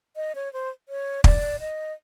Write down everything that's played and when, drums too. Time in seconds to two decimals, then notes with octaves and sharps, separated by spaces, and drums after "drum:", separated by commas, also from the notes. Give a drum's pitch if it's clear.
0.16 D#5
0.35 C#5
0.53 C5
0.89 C#5
1.24 D5, drum: kick
1.60 D#5